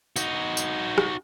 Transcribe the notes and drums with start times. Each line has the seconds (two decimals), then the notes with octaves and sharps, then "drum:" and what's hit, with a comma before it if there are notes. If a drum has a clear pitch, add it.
0.16 D#4 F#4, drum: tambourine
0.57 drum: tambourine
0.98 drum: rim click